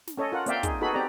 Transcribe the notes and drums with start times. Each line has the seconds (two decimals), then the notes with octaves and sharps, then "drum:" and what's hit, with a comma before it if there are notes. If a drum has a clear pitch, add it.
0.07 drum: snare
0.18 C#4 A4 C#5 D#5
0.32 F4 A#4 F#5
0.46 A#3 C4 D5 E5 F5 G5, drum: hi-hat
0.63 D#4 G#4, drum: kick, hi-hat
0.81 B3 D#4 F#4 G#4 A4 B5
0.94 C4 G4 D5 A#5